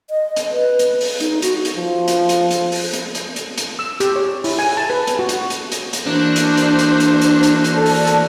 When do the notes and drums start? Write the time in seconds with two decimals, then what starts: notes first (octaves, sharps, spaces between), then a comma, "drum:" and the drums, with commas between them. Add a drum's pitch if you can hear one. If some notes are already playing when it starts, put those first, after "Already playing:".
0.10 D#5
0.36 drum: hi-hat
0.52 B4
0.79 drum: hi-hat
1.01 drum: open hi-hat
1.20 D#4, drum: hi-hat
1.42 F#4, drum: hi-hat
1.65 drum: hi-hat
1.76 F3
2.08 drum: hi-hat
2.29 drum: hi-hat
2.51 drum: hi-hat
2.72 drum: open hi-hat
2.93 drum: hi-hat
3.15 drum: hi-hat
3.36 drum: hi-hat
3.58 drum: hi-hat
3.79 E6
4.00 G4, drum: hi-hat
4.16 C#5
4.44 E4, drum: open hi-hat
4.59 G#5
4.77 A5
4.90 B4
5.07 drum: hi-hat
5.19 F#4
5.29 drum: hi-hat
5.50 drum: hi-hat
5.72 drum: hi-hat
5.93 drum: hi-hat
6.06 E3 A#3 D4 F#4 C5
6.36 drum: hi-hat
6.57 drum: hi-hat
6.79 drum: hi-hat
7.00 drum: hi-hat
7.22 drum: hi-hat
7.43 drum: hi-hat
7.64 drum: hi-hat
7.74 A4 D5 A5
7.86 drum: open hi-hat
8.07 drum: hi-hat